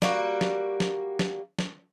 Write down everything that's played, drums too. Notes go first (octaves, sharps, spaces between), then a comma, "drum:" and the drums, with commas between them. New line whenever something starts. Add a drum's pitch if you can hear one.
G3 A#3 F#4, drum: snare
drum: snare
drum: snare
drum: snare
drum: snare